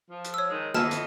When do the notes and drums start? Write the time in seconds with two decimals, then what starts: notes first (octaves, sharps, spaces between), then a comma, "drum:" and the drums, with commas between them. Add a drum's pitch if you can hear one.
0.10 F3
0.25 drum: hi-hat
0.34 C#5 E6
0.51 D#3 G#3 D#4
0.74 F2 E4 D#5 A5 E6 F6, drum: snare
0.91 drum: hi-hat